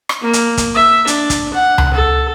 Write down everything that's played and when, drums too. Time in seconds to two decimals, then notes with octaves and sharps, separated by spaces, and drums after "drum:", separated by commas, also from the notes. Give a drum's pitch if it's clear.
0.09 drum: rim click
0.21 A#3
0.33 drum: hi-hat
0.57 drum: kick, hi-hat
0.75 E5
1.07 D4, drum: hi-hat
1.30 drum: kick, hi-hat
1.54 F#5
1.78 drum: tom C#2
1.94 A4